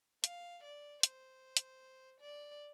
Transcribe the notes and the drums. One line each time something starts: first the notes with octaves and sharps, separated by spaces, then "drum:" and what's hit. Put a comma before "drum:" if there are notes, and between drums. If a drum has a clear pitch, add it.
F5, drum: hi-hat
D5
C5, drum: hi-hat
drum: hi-hat
D5